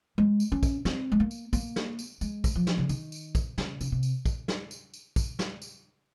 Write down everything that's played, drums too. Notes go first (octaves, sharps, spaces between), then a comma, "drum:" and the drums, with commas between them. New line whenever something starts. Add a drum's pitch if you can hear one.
G#3
drum: tambourine
C#4
drum: kick, tambourine
C4, drum: snare
G#3
A#3
drum: tambourine
A#3, drum: kick, tambourine
drum: snare
drum: tambourine
G#3, drum: tambourine
drum: kick, tambourine
F3
drum: snare
C#3
D#3, drum: tambourine
drum: tambourine
drum: kick, tambourine
C#3, drum: snare
C#3, drum: tambourine
C3
drum: tambourine
drum: kick, tambourine
drum: snare
drum: tambourine
drum: tambourine
drum: kick, tambourine
drum: snare
drum: tambourine